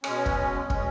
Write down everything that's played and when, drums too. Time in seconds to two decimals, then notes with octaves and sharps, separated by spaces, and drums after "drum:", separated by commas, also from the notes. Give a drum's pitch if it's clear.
0.04 B2 G#3 C#4, drum: rim click
0.26 drum: kick
0.70 B2 G#3 C#4, drum: kick